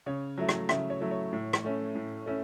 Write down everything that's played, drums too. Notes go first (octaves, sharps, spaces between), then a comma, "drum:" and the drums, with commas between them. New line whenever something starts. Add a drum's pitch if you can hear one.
C#3 C#5
F#3 A3 E4
drum: rim click
C#3 E4 E5, drum: rim click
C#5
F#3 A3 E4
C#5
A2
drum: rim click
A3 C#4 E4
A2
A3 C#4 E4